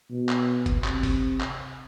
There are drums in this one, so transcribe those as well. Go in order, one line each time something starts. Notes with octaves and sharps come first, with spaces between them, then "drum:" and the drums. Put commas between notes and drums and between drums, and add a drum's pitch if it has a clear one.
B2
drum: clap
drum: kick F#1, hi-hat
C3, drum: clap
drum: kick F#1, open hi-hat
drum: clap